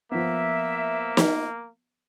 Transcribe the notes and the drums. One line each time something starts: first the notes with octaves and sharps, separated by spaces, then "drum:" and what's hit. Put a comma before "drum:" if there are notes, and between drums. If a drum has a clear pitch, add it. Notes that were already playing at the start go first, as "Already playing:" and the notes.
F3 A#3 B3 E5
drum: snare